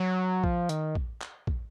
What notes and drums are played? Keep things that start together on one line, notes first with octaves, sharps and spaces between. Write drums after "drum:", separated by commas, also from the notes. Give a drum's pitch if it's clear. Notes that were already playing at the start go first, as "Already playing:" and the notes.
Already playing: F#3
F3, drum: kick
D#3, drum: hi-hat
drum: kick
drum: clap
drum: kick